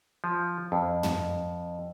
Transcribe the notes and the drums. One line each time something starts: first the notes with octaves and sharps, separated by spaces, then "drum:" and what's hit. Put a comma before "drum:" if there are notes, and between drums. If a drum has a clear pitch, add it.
F3
F2
drum: tom